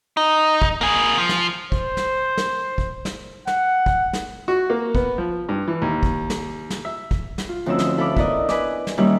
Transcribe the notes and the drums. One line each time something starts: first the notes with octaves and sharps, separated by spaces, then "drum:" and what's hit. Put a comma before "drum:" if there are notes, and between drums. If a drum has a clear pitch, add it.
D#4
drum: kick
A#3 G#4
F3
drum: snare
C5, drum: kick
drum: snare
drum: snare
drum: kick
drum: snare
F#5, drum: snare
drum: kick
drum: snare
F#4
A#3
B3, drum: kick
F3
G2
E3
D#2
drum: kick
drum: snare
drum: snare
E5
drum: kick
drum: snare
F4
D2 F3 C4 C#4 D#4 E6
drum: snare
E4 A4 F5 B5 D6
B3 E4 A4 A#4 D5 D#5, drum: kick
B4 G#5 D6, drum: snare
drum: snare
D#3 G3 A#3 C#4 D#4 E4